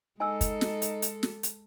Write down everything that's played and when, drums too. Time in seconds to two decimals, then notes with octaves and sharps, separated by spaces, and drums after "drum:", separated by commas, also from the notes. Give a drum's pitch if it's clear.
0.20 G#3 D#4 A4 G#5 E6
0.41 drum: kick, hi-hat
0.61 drum: snare
0.82 drum: hi-hat
1.02 drum: hi-hat
1.23 drum: snare
1.43 drum: hi-hat